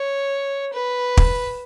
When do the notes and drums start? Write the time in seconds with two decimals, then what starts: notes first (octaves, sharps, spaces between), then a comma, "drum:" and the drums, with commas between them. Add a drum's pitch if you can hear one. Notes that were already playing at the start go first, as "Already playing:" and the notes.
Already playing: C#5
0.73 B4
1.17 drum: kick